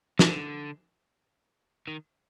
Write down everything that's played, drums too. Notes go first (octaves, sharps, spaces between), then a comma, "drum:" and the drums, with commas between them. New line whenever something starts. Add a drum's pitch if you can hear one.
D3, drum: snare
D#3